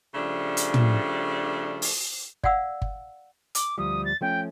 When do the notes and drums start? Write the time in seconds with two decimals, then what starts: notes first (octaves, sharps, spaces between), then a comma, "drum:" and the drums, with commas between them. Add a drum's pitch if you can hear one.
0.15 C#3 F3 G3 A3 D4
0.57 drum: hi-hat
0.74 drum: tom
1.82 drum: open hi-hat
2.44 D5 F5 F#5 E6, drum: kick G1
2.82 drum: kick G1
3.55 D6, drum: hi-hat
3.78 D2 F3 G3 D#6
4.04 A6
4.21 F3 A3 C#4 G5